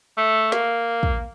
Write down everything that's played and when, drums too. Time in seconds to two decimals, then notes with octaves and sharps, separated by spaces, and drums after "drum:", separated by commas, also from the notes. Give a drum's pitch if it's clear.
0.17 A3
0.52 A#3, drum: snare
1.03 drum: kick